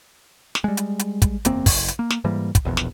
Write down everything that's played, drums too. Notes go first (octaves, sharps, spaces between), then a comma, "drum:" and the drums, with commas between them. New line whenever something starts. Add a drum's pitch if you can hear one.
drum: snare
G3 G#3
drum: hi-hat
drum: hi-hat
drum: kick, hi-hat
F#1 E2 A#3 C4, drum: hi-hat
F#1, drum: kick, open hi-hat
drum: hi-hat
A#3
drum: snare
G#2 E3 G3 A#3
drum: kick, hi-hat
E1 A#1 E2
drum: snare